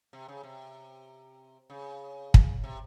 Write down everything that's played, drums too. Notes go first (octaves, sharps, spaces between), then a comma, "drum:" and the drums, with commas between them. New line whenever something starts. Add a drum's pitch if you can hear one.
C3
C#3
C3
C#3
drum: kick
C3